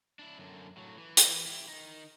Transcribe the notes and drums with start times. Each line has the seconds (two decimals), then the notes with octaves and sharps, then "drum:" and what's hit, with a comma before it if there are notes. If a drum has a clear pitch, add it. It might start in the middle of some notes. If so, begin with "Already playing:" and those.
0.19 D4 E4
0.38 F#2 D3
0.77 A2 F#3
0.98 E3
1.17 drum: hi-hat
1.46 E4 G4
1.68 D#3 D#4